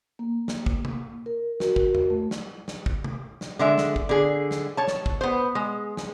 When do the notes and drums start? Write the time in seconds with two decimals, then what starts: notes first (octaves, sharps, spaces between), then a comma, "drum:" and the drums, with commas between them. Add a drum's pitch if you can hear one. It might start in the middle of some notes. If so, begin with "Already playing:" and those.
0.19 A#3
0.48 drum: snare
0.66 drum: kick
0.85 drum: tom C3
1.26 A#4
1.60 F#4 A#4, drum: snare
1.76 drum: kick
1.95 drum: tom E2
2.10 A3
2.31 drum: snare
2.68 drum: snare
2.86 drum: kick
3.04 drum: tom C3
3.41 drum: snare
3.59 D3 G#3 E5
3.78 drum: snare
3.96 drum: kick
4.09 D3 G#4
4.51 drum: snare
4.77 C#5 A5
4.88 drum: snare
5.06 drum: kick
5.21 B3 C5
5.55 G#3
5.97 drum: snare